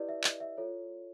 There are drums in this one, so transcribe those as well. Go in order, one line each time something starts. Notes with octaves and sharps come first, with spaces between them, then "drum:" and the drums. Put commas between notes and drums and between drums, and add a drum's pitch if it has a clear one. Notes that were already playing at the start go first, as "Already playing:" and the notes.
Already playing: E4 G4 B4 D5 D#5
E5
D#5, drum: clap
E5
F4 A4 C#5